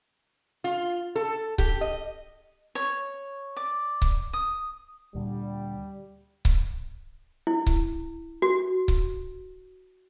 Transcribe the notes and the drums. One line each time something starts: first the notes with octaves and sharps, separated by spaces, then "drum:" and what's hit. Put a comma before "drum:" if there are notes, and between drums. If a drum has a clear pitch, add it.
F4
A4
G4, drum: kick C#1
D#5
C#5
D5
drum: kick C#1
D#6
D2 A#2 D3 G3
drum: kick C#1
E4
drum: kick C#1
F#4
drum: kick C#1